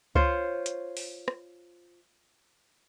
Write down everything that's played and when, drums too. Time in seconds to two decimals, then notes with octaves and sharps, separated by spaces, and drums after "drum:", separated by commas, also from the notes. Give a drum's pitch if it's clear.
0.15 F4 C5 C#5, drum: kick C#2
0.66 drum: hi-hat
0.97 drum: open hi-hat
1.28 drum: rim click